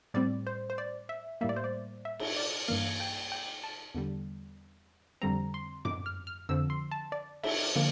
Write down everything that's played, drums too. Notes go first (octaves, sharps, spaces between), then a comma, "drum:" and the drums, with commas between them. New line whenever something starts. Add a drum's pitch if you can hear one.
A2 G3 C4 D5
C5
C5
D5
E5
A2 G3 A#3 E5
D5
C5
D5
E5
drum: cymbal
D5
G2 E3 A#3 F5
G5
G5
A5
E2 D3 G3
F2 D3 G3 C4 A#5
C6
D6, drum: tom F#2
F6
F6
F2 D3 F3 E6
C6
A5
D5
E5, drum: cymbal
D3 F3 A#3